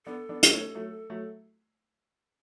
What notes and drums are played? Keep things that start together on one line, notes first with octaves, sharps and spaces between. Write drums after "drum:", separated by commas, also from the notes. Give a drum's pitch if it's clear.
B3 D4 A4
B3 D4
drum: hi-hat
A3 C#4
F#3 A3
F#3 A3